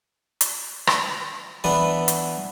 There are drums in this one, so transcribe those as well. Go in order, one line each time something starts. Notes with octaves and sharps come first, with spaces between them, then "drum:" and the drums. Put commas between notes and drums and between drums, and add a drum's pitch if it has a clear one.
drum: hi-hat
drum: rim click
E3 B3 D4 B4
drum: hi-hat